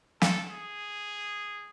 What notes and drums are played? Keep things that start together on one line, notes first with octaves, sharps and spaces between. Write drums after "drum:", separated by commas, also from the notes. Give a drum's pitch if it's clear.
A4, drum: snare
G#4